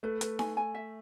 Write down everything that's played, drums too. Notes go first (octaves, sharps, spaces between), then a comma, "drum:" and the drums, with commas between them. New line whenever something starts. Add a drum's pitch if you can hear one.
A3 B4
B4, drum: hi-hat
G#5, drum: snare D#4
G#5
E5